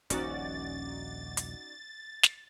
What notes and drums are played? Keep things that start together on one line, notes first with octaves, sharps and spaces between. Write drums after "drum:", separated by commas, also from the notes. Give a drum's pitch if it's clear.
D#1 A#1 C#4 D#4 F#4 D5 A6, drum: hi-hat
drum: hi-hat
drum: snare